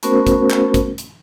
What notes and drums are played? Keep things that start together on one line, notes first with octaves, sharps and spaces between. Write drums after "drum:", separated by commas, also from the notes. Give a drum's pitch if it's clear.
A3 B3 C#4 F#4 A#4 C5, drum: hi-hat
drum: kick, hi-hat
drum: clap
drum: kick, hi-hat
drum: hi-hat